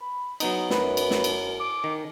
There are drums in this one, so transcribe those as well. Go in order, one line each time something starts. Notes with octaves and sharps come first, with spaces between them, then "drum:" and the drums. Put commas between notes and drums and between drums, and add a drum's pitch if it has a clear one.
B5
F#3 B3 D#4, drum: cymbal
F#2 B4, drum: snare
drum: cymbal
drum: snare
drum: cymbal
D6
D#3